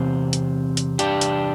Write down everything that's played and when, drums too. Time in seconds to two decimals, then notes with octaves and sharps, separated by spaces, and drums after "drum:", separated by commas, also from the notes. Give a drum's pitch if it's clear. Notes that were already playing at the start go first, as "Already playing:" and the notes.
Already playing: E2 C3 C4
0.33 drum: hi-hat
0.77 drum: hi-hat
0.99 D4 G4, drum: hi-hat
1.21 drum: hi-hat